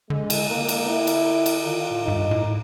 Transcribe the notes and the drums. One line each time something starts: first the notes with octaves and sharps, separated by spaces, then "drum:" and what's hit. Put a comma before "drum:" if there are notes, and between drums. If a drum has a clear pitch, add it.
D3 G#3
drum: cymbal
A#3
drum: cymbal
E4
drum: cymbal
drum: cymbal
D#3 F4
A2
G#2 D#4
G2
A2